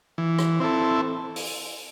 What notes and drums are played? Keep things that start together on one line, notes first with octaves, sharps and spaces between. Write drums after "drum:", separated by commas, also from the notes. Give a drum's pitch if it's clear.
E3
drum: rim click
C4 E4 A4
drum: open hi-hat